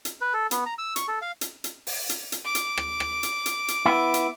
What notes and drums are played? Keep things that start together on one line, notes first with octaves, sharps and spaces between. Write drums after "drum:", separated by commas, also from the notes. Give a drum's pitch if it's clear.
drum: hi-hat
B4
A4
B3, drum: hi-hat
A#5
E6
C#6, drum: hi-hat
A4
F5
drum: hi-hat
drum: hi-hat
drum: open hi-hat
drum: hi-hat
drum: hi-hat
D6
drum: hi-hat
drum: rim click
drum: rim click
drum: hi-hat
drum: hi-hat
drum: hi-hat
B3 E4
drum: hi-hat